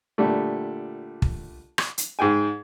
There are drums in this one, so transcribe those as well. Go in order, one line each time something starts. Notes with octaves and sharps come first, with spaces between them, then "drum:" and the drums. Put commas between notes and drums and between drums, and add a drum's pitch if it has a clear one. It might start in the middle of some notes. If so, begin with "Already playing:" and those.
A#2 D3 G3 A3
drum: kick
drum: rim click
drum: hi-hat
G#2 G#4 G5 G#5